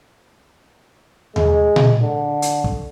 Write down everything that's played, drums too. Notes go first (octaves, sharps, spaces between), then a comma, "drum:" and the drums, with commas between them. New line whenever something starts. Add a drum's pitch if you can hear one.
G#3, drum: tom D#2
drum: tom A#2
D3
drum: hi-hat
drum: kick